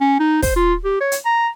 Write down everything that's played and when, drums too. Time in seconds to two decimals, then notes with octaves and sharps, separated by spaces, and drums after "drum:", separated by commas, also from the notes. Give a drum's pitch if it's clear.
0.01 C#4
0.19 D#4
0.42 C5, drum: kick, open hi-hat
0.56 F4
0.85 G4
1.01 C#5
1.12 drum: hi-hat
1.26 A#5